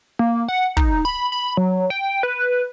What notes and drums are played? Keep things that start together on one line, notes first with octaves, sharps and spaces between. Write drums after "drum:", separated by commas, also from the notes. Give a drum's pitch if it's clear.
A#3
F#5
D#4, drum: kick
B5
B5
F#3
G5
B4